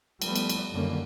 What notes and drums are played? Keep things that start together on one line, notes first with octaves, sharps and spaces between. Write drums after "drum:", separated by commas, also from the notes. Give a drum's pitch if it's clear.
F3 G3 A3 B3, drum: cymbal
drum: cymbal
drum: cymbal
F#2 D3 D#3 G3 A#3 C#4